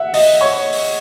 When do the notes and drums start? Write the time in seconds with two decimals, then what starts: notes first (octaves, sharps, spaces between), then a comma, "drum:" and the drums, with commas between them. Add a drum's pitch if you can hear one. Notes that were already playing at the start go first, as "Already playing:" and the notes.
Already playing: E5 F#5
0.14 D#5, drum: open hi-hat
0.41 C#5
0.73 drum: open hi-hat